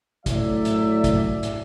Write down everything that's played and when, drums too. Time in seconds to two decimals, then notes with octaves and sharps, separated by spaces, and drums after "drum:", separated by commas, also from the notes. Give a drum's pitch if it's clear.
0.26 A2 F#3 D5 E5, drum: kick, hi-hat
0.65 drum: hi-hat
1.04 drum: kick, hi-hat
1.43 drum: hi-hat